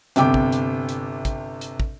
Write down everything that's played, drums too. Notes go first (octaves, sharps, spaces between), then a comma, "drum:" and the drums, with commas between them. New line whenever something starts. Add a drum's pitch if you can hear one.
G1 C3 G5 D6, drum: hi-hat
drum: kick
drum: hi-hat
drum: hi-hat
drum: kick, hi-hat
drum: hi-hat
drum: kick